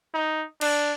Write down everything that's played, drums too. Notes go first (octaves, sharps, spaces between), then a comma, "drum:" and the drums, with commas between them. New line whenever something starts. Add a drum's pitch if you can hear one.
D#4
D4, drum: cymbal